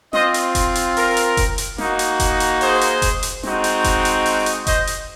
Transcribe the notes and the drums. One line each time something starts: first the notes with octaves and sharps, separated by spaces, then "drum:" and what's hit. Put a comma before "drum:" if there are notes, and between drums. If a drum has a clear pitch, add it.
C4 F4 C5 D#5, drum: snare
drum: hi-hat
drum: kick F1, hi-hat
drum: hi-hat
A#4, drum: open hi-hat
drum: hi-hat
drum: kick F1, hi-hat
drum: hi-hat
A#3 D#4 F#4, drum: snare
drum: hi-hat
drum: kick F1, hi-hat
drum: hi-hat
G#4 C5, drum: open hi-hat
drum: hi-hat
drum: kick F1, hi-hat
drum: hi-hat
G#3 C4 D#4 F#4, drum: snare
drum: hi-hat
drum: kick F1, hi-hat
drum: hi-hat
drum: open hi-hat
drum: hi-hat
C5 D#5, drum: kick F1, hi-hat
drum: hi-hat